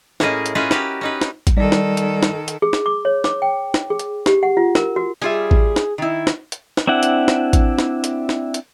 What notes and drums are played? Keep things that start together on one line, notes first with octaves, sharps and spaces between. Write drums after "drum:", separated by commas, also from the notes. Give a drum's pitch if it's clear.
A2 A#3 C#4 E4 G#4 D#5, drum: snare
drum: hi-hat
C#4 E4 F4 G#4 B4 D#5
F#4 G4 A#4 B4, drum: snare
C#4 D#4 B4
drum: snare
drum: kick A1, hi-hat
D#3 G3 A4 D5
drum: snare
drum: hi-hat
drum: snare
drum: hi-hat
G#4
drum: snare
D6
C#5
D6, drum: snare
G5
drum: snare
G#4
drum: hi-hat
G4, drum: snare
F#5
F4
A#4, drum: snare
F#4
G3 F4 G#4 E5
drum: kick A1
drum: snare
D#3 E4
drum: snare
drum: hi-hat
drum: snare
C4 D4 E4 F#5
drum: hi-hat
drum: snare
drum: kick A1, hi-hat
drum: snare
drum: hi-hat
drum: snare
drum: hi-hat